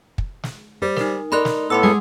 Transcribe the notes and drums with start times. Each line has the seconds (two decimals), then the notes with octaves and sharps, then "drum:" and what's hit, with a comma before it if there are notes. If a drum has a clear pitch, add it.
0.18 drum: kick
0.43 drum: snare
0.82 G3 C5
0.97 D#4 A#4, drum: snare
1.32 D#4 A4 A#4 D5 B5 C6 F#6
1.45 drum: snare
1.70 A2 B3 A4 C6 D6 E6
1.83 G#3 G#4 F#5